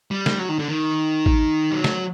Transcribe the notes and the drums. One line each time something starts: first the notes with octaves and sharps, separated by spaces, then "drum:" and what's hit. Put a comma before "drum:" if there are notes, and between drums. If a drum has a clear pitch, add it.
G3
drum: snare
F#3
D#3
D3
D#3
drum: kick A1
G3
F#3
drum: snare